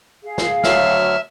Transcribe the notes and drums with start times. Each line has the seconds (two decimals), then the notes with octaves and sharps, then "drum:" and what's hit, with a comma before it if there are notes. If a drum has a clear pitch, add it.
0.25 G#4 F5
0.38 drum: snare
0.64 D2 F#3 E5 F6, drum: snare